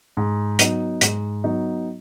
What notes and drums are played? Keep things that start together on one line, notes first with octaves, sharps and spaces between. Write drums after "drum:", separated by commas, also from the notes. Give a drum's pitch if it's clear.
G#2
F#3 B3 D#4, drum: hi-hat
G#2, drum: hi-hat
F#3 B3 D#4